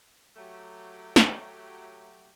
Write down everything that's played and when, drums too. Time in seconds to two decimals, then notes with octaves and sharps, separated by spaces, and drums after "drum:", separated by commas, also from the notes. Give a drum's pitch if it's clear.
0.36 F#3 A3 G4
1.16 drum: snare